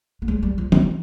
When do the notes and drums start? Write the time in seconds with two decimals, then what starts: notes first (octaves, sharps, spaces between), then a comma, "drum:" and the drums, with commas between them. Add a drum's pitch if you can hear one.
0.22 A#3
0.28 G#3
0.43 G3
0.58 F3
0.72 D#3, drum: tom